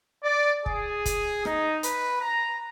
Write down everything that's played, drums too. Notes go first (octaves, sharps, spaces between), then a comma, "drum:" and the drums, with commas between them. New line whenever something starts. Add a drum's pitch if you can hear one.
D5
G#4, drum: kick
drum: kick, hi-hat
D#4, drum: rim click
B4, drum: hi-hat
A#5